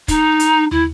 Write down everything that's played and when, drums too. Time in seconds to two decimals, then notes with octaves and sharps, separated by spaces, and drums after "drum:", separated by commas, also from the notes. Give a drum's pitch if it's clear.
0.08 D#4, drum: kick, hi-hat
0.40 drum: hi-hat
0.71 E4, drum: tom